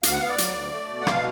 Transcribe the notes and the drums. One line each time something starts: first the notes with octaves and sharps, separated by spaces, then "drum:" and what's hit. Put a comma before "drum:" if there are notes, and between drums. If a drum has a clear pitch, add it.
D2 F5, drum: hi-hat
F#5
B3 F5
D5
F#3, drum: hi-hat
D2
A3
B2
F#5
B2 F5, drum: rim click